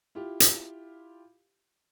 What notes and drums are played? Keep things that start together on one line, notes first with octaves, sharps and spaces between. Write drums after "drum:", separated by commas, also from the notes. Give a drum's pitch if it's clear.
E4 F4 G4 F5
drum: hi-hat